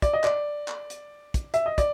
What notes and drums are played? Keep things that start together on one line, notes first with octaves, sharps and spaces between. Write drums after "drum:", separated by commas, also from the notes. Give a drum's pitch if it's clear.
D5, drum: kick, hi-hat
D#5
D5, drum: clap
drum: clap
drum: hi-hat
drum: kick, hi-hat
E5, drum: hi-hat
D#5
D5, drum: kick, hi-hat